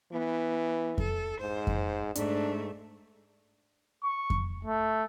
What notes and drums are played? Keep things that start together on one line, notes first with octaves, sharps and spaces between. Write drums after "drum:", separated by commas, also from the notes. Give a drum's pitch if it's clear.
E3 B3
A4, drum: kick F2
G#2 C5
drum: kick F2
G#2 A3 D4, drum: hi-hat
C#6
drum: kick F2
A3